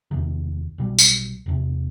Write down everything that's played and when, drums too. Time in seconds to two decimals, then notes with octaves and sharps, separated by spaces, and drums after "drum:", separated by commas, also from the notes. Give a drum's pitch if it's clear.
0.11 E1 E2 C3 D#3
0.78 B1 B2 G3
0.99 drum: tambourine
1.46 E1 E2 C3